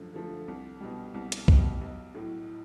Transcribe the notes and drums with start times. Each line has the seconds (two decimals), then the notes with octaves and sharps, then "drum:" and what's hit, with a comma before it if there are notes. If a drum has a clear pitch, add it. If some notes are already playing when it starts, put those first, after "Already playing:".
Already playing: F#2 D3 F3 A3
0.14 D3 F3 A3
0.48 C2
0.81 B2 G3
1.14 C2
1.32 drum: hi-hat
1.48 B2 G3, drum: kick
1.81 B1
2.14 A2 F#3